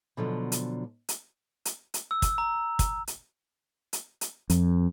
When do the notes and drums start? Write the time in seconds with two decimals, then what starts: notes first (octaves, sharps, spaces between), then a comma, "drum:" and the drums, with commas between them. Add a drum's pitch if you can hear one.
0.17 B2 D3 F3 F#3
0.52 drum: hi-hat
1.09 drum: hi-hat
1.65 drum: hi-hat
1.94 drum: hi-hat
2.11 E6
2.22 drum: kick, hi-hat
2.38 A#5
2.79 drum: kick, hi-hat
3.07 drum: hi-hat
3.93 drum: hi-hat
4.21 drum: hi-hat
4.50 F2, drum: hi-hat